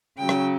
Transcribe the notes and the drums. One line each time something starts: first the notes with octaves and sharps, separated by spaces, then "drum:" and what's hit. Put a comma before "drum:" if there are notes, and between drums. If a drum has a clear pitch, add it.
C#3 F#3 G5
drum: rim click